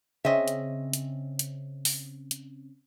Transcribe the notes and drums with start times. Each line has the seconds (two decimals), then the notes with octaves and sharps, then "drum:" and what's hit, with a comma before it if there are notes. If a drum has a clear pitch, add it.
0.25 C#3 C4 C#4 D#5 E5
0.48 drum: hi-hat
0.93 drum: hi-hat
1.39 drum: hi-hat
1.85 drum: open hi-hat
2.31 drum: hi-hat